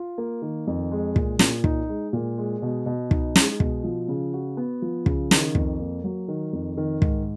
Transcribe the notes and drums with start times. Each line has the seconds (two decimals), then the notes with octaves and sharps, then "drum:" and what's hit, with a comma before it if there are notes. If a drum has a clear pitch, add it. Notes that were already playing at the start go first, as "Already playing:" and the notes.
Already playing: F4
0.18 A#3
0.42 D#3
0.67 F2
0.92 G#3
1.16 A#2, drum: kick
1.39 A#2, drum: snare
1.64 D#4, drum: kick
1.89 G#3
2.13 A#2
2.38 G#3
2.62 B2
2.86 B2
3.11 D#4, drum: kick
3.36 G#3, drum: snare
3.60 B2, drum: kick
3.84 F3
4.08 C#3
4.33 F#4
4.57 B3
4.82 F3
5.06 C#3, drum: kick
5.31 D#3, drum: snare
5.55 F2, drum: kick
5.80 A#3
6.04 F#3
6.28 D#3
6.53 F2
6.77 D#3
7.02 G#2, drum: kick